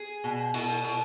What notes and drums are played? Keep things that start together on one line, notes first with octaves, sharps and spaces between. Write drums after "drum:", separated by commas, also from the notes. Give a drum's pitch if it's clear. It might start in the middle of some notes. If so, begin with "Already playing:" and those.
Already playing: G#4
B2
B2, drum: cymbal
B2